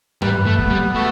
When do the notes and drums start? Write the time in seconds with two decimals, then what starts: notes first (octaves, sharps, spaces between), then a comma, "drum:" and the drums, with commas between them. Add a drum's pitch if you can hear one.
0.22 G3 B4, drum: tom G2
0.46 A3
0.58 B3, drum: kick C#2
0.70 G3
0.95 A3 F#4